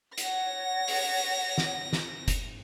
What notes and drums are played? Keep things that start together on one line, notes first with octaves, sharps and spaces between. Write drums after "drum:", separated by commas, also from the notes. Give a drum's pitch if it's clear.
C#5 F#5 A#6, drum: hi-hat
drum: open hi-hat
drum: snare
drum: snare
drum: kick F#1, hi-hat